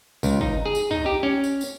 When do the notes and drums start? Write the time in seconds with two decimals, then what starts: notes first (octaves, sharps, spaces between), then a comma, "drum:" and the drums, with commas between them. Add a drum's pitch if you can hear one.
0.23 C#2, drum: tambourine
0.41 D#4, drum: kick
0.66 G#4
0.75 drum: tambourine
0.91 D#4, drum: tom
1.06 G4
1.23 C#4
1.44 drum: tambourine
1.61 drum: tambourine